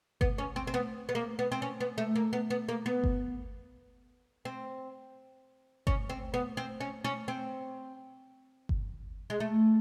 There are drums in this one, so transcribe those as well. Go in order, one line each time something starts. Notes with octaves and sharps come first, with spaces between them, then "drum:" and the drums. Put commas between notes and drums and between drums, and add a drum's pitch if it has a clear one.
B3, drum: kick G1
C#4
C4
C4
B3
B3
A#3
B3
C4
C#4
B3
A3
A#3
B3
B3
A#3
B3
drum: kick G1
C4
C#4, drum: kick G1
C4
B3
C4
C#4
C#4
C4
drum: kick G1
G#3
A3